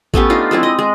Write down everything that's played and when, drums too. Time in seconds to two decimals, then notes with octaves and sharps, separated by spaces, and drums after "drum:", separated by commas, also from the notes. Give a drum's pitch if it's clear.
0.14 A3 B3 C#4 G4, drum: kick A1
0.30 D4 D#4 F4
0.51 F3 G#3 C4 E4
0.63 D#5
0.79 G#3